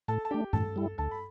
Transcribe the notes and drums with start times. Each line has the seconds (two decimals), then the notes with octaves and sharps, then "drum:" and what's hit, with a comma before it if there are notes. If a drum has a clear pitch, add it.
0.08 A2 A4 A5
0.25 A5
0.31 A3 D4 G4 G5
0.53 A2 A4 A5, drum: tom G2
0.76 G3 E4
0.98 D2 A4 A5
1.11 B5